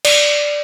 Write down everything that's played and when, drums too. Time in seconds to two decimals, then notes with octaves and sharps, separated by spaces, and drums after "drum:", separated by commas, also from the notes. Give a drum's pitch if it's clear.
0.05 D5, drum: cymbal